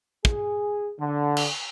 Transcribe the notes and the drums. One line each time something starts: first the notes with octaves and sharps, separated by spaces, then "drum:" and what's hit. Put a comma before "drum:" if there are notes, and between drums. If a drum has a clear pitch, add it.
G#4, drum: kick
D3
drum: cymbal